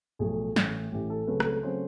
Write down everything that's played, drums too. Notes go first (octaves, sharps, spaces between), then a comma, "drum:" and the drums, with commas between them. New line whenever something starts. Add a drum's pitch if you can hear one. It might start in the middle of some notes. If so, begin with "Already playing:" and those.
B1 A2 F3 A3 G#4
A1 A2 E3, drum: snare
A1 A2 E3 G4
A4
C#2 C#3 F#3 A3 C4 B4
drum: rim click
C#3 F#3 A3 C4 C5